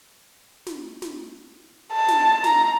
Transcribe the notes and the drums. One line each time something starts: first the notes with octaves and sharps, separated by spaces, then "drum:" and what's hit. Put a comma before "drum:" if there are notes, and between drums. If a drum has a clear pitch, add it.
drum: snare
drum: snare
A5
drum: snare
A#5, drum: snare